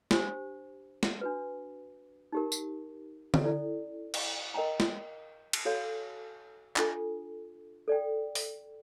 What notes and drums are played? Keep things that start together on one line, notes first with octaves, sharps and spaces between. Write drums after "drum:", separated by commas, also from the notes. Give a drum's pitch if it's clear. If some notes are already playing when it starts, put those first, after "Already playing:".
D4 G4 C5, drum: snare
drum: snare
D4 F#4 B4
D#4 G4 A#4
drum: tambourine
drum: tom
C#4 E4 A4 D5
drum: cymbal
A#4 D#5 G5 A#5
drum: snare
drum: cymbal
F#4 A4 C#5 F5
D4 F4 A4, drum: clap
A4 D5 G5
drum: open hi-hat